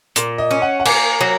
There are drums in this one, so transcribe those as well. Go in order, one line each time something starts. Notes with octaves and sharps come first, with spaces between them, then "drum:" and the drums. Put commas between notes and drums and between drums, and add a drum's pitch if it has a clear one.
A#2, drum: hi-hat
D#5
C#4
F#5
F#5
A#3 G#5, drum: cymbal
F#3